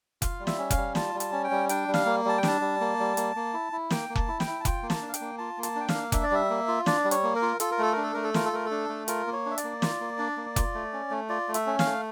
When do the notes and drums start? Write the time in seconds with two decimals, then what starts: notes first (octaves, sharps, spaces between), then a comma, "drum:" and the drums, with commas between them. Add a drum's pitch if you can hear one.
0.22 F4 F5, drum: kick F1, hi-hat
0.40 G3
0.47 E5, drum: snare
0.58 C#4
0.71 F5, drum: kick F1, hi-hat
0.77 G3
0.95 F4 A5, drum: snare
1.15 G3
1.20 A5, drum: hi-hat
1.32 C#4
1.44 G5
1.51 G3
1.69 D4 G5, drum: hi-hat
1.88 G3
1.94 F5, drum: snare
2.06 A#3
2.25 G3 A5
2.38 G5
2.43 D4 A5, drum: snare
2.61 G3
2.81 A#3
2.99 G3
3.17 A#3, drum: hi-hat
3.36 A#3
3.54 E4
3.73 E4
3.90 A#3 G5, drum: snare
4.09 A#3
4.16 A5, drum: kick F1
4.28 E4
4.40 G5, drum: snare
4.47 E4
4.60 A5
4.65 F4 G5, drum: kick F1, hi-hat
4.83 A#3
4.90 A5, drum: snare
5.02 D4
5.09 F5
5.14 G5, drum: hi-hat
5.21 A#3
5.38 F4 A5
5.58 A#3
5.63 A5, drum: hi-hat
5.76 D4 G5
5.89 F5, drum: snare
5.94 A#3
6.12 D4 E5, drum: kick F1, hi-hat
6.24 D5
6.31 G3 E5
6.50 A#3
6.68 F4
6.86 D4 D5, drum: snare
7.04 G3
7.11 C#5, drum: hi-hat
7.23 A#3
7.36 A#4
7.42 F4
7.60 F4 A4, drum: hi-hat
7.71 A#4
7.79 A3 A4
7.92 D4 A#4
8.03 A4
8.14 A3 A#4
8.24 A4
8.34 F4 A#4, drum: snare
8.45 A4
8.53 A3 A#4
8.66 A4
8.71 D4
8.89 A3
9.08 F4 A#4, drum: hi-hat
9.27 A#3
9.33 C#5
9.46 D4
9.51 E5
9.58 D5, drum: hi-hat
9.64 A#3
9.82 F4, drum: snare
10.00 A#3
10.18 D4
10.37 A#3
10.56 F4, drum: kick F1, hi-hat
10.74 A3
10.93 C#4
11.11 A3
11.29 F4 D5
11.48 A3
11.54 E5, drum: hi-hat
11.67 C#4
11.79 F5, drum: snare
11.86 A3